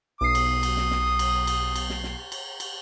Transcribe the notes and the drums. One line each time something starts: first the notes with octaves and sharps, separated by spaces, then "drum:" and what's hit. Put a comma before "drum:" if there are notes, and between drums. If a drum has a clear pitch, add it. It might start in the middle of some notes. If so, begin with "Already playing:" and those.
B1 D#6 C7
drum: cymbal
drum: cymbal
drum: snare
drum: snare
drum: cymbal
drum: cymbal
drum: cymbal
drum: snare
drum: snare
drum: cymbal
drum: cymbal